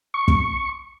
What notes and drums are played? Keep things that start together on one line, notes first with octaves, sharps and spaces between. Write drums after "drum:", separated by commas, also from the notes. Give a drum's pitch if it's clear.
C#6
drum: kick